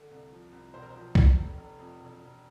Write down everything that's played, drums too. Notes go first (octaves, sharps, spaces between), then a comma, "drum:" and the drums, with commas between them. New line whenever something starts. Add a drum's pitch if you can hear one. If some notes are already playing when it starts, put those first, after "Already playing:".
Already playing: D3
C2
F3
C2
E1 C5
A#4
C5
F3
E1, drum: kick
F1
F1
F2
E1
E1